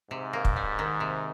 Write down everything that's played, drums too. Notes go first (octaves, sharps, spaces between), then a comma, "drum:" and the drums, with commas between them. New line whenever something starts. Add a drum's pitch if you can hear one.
G#2 C3
A#3
drum: kick
G3
D#3
C3